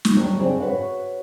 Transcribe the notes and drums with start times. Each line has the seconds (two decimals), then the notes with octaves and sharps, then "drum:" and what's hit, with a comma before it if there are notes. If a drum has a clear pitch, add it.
0.05 drum: snare
0.17 F#3 G3 C#4 D4
0.38 C#3 C4 D4
0.60 F#4 B4 C#5 F#5